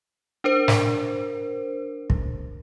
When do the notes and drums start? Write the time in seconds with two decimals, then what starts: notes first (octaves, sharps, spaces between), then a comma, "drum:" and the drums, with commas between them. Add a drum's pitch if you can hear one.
0.44 D4 A#4 C5
0.68 drum: snare
2.10 drum: kick